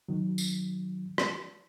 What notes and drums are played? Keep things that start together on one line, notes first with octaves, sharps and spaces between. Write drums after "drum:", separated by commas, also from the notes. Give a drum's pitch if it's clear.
D#3 F#3
drum: tambourine
drum: rim click